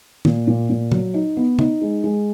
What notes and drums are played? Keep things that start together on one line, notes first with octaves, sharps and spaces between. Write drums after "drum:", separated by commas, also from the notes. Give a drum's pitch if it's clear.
A#2, drum: tom
A#2
A#2
F#3, drum: tom
D#4
B3
D#4, drum: tom
G#3
G#3